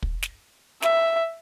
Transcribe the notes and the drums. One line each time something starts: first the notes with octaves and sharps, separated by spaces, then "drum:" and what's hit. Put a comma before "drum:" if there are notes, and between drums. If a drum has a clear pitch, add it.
drum: kick
drum: snare
E5, drum: snare